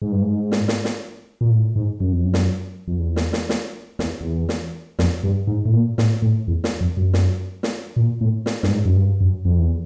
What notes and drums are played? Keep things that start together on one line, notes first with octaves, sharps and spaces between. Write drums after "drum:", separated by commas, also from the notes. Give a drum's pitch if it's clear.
G#2
G2
G#2
drum: snare
drum: snare
drum: snare
A#2
A2
G#2
F#2
F2
F#2
drum: snare
F2
E2
drum: snare
drum: snare
drum: snare
E2, drum: snare
E2
drum: snare
F2, drum: snare
G2
G#2
A2
A#2
A2, drum: snare
A2
E2
drum: snare
F2
F#2
drum: snare
drum: snare
A#2
A2
drum: snare
G2, drum: snare
G#2
F#2
G2
F#2
F2
E2